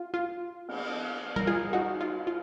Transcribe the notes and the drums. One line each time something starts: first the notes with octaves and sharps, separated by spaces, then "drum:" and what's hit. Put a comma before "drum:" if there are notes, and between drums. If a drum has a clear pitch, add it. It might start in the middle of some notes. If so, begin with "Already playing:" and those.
Already playing: F4
F4
drum: cymbal
A#4, drum: tom G3
F4 G#4
D#4 F#4
F4
F4